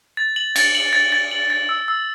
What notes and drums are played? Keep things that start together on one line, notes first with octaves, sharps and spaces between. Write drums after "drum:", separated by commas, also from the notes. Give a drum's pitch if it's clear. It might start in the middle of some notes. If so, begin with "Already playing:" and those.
A6
F#7
A6, drum: cymbal
F#7
A6
A6
F#7
A6
E6
E6